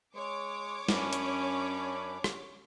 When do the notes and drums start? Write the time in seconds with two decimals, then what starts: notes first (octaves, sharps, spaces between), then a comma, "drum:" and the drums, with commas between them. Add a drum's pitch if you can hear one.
0.15 G#3 C#5 D6
0.89 F#2 C#4 D4 B5, drum: snare
1.13 drum: hi-hat
2.24 drum: rim click